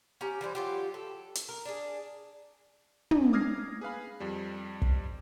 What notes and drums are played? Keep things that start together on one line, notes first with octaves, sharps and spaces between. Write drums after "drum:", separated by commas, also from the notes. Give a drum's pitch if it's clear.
C#4 G4 A#5
E3 G3 G4 C5
F#3 F4 G4
A4
drum: hi-hat
A#4
D4 G#4
drum: tom
D6 D#6 F6 G#6 A#6 C7
G#4 B4 F5 B5
F2 G3
drum: kick